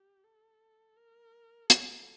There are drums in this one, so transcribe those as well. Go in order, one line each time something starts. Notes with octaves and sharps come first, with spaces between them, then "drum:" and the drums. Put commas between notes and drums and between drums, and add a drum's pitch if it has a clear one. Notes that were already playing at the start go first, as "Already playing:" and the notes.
Already playing: G4
A4
A#4
A4, drum: hi-hat